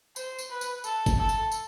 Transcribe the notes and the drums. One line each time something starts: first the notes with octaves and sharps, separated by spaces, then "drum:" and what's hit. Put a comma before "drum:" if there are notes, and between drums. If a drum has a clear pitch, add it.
C5, drum: tambourine
drum: tambourine
B4
drum: tambourine
A4, drum: tambourine
drum: kick, tambourine
A4
drum: tambourine
drum: tambourine